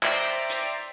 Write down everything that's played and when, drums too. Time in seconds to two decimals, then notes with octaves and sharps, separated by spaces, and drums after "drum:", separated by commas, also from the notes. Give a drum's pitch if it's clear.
0.03 C5 D5 E5 G5 A#5 C7, drum: clap
0.50 drum: hi-hat